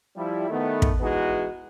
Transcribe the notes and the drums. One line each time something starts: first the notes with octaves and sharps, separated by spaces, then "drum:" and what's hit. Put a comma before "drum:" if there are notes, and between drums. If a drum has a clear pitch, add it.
F3 G3 E4
D#3 A3 B3
drum: kick
E3 G#3 B3 D#4 F#4 G#4